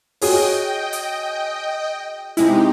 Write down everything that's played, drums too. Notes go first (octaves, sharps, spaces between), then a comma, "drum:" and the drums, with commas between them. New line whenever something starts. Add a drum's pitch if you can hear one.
F#4 G#4 C#5 D#5 G5, drum: open hi-hat
drum: hi-hat
C3 G#3 C4 D#4 E4 G4, drum: hi-hat